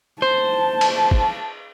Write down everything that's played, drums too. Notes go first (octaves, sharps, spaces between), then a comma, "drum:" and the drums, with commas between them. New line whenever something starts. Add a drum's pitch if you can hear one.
C5 A5
drum: cymbal
drum: kick